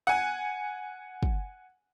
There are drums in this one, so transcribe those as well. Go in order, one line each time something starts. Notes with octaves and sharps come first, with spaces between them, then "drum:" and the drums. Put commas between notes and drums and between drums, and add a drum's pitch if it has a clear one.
F#5 G#5
drum: kick